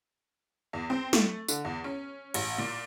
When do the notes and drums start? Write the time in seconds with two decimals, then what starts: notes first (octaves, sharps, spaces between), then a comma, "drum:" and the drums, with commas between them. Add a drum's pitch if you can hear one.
0.73 E2
0.90 C4
1.13 A3, drum: snare
1.48 D3, drum: tambourine
1.65 E2
1.84 C#4
2.34 A1, drum: cymbal
2.58 A#2